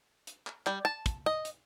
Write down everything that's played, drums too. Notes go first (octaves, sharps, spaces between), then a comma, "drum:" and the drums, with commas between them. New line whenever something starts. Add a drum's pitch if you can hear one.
drum: hi-hat
drum: clap
G3, drum: clap
A5
drum: kick, hi-hat
D#5
drum: hi-hat